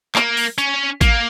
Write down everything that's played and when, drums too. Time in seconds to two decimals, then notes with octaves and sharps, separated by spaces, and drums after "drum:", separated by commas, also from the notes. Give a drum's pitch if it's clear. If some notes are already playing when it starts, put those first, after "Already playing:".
0.15 A#3, drum: clap
0.37 drum: open hi-hat
0.58 C#4, drum: hi-hat
1.01 A#3, drum: kick A1, hi-hat